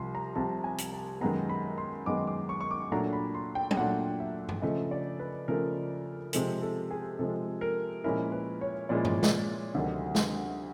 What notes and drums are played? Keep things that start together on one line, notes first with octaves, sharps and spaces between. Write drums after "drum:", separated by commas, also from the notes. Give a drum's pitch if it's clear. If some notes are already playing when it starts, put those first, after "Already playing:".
Already playing: C2 C3 F3 C6
A#5
C2 C3 F3 A5
G#5
drum: hi-hat
A5
F#2 D#3 G#3 B3 A#5
B5
C6
F#2 D#3 G#3 B3 D6
D6
C#6
C#6
D6
A#2 F#3 A3 D4 A#5
B5
C6
G5
G5, drum: tom F#3
A#2 F#3 A3 D4 F#5
E5
drum: tom G2
C#3 F3 A3 D#5
D5
B4
C#3 F3 A3 A#4
C3 F3 G#3 A4, drum: hi-hat
A4
G#4
C3 F3 G#3 A4
A#4
A#2 F3 G#3 C#4 E4 A#4
B4
C#5
A#2 F3 G#3 C#4 E4 D5
drum: tom G2
drum: snare
D2 C3 D#3 F#3 A3
drum: snare